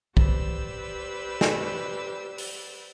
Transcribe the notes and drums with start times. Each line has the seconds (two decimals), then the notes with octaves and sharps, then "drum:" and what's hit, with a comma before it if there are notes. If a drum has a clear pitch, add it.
0.17 G4 B4 C5 D5 E6, drum: kick
1.41 drum: snare
2.38 drum: open hi-hat